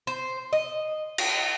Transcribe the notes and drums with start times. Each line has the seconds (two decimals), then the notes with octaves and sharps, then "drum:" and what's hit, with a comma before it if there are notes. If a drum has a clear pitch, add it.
0.07 C5
0.53 D#5
1.18 drum: cymbal